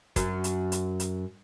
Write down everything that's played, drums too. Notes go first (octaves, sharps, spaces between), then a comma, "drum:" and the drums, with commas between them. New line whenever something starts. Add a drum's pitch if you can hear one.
F#2, drum: kick, hi-hat
drum: hi-hat
drum: hi-hat
drum: hi-hat